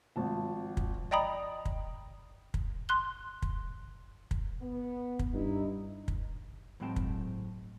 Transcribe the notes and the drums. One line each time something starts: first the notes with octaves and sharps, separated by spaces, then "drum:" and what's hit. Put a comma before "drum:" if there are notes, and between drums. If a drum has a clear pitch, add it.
G#1 F3 A5
drum: kick
D5 D#5 G5 A#5 B5 D#6
drum: kick
drum: kick
C6 F#6 G7
drum: kick
drum: kick
B3
drum: kick
G2 D#4 E4
drum: kick
A2 F#3 G#3 C4 G5 A5
drum: kick